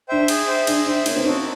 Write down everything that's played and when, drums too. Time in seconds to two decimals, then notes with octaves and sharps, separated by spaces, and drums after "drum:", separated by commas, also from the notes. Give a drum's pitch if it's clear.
0.09 D4 C5 E5 G5
0.28 G#4, drum: cymbal
0.47 C5 E5 G5
0.67 D4 G#4, drum: cymbal
0.86 D4 C5 E5 G5
1.06 A#3 C#4, drum: cymbal
1.16 C4
1.25 C#4 D#4 F#4 A4